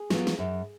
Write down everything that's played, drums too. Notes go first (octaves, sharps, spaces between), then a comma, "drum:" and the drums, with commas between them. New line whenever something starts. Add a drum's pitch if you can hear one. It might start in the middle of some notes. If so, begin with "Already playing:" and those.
Already playing: G#4
F#3 B3 F4, drum: snare
drum: snare
F#2